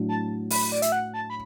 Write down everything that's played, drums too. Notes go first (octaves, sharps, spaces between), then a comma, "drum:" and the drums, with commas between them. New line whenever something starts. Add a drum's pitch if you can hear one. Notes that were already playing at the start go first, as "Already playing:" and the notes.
Already playing: A2 F#3 D4
A5
B5, drum: open hi-hat
D5
E5, drum: hi-hat
F#5
A5
B5